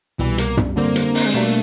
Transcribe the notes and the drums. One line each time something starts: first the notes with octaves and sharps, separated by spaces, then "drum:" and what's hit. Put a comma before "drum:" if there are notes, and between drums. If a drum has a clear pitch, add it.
C2 B2 E3 G3
A#3, drum: hi-hat
drum: tom
D3 G3 A#3 C4
drum: hi-hat
drum: open hi-hat
G#3
B2 G3 A3 A#3 D4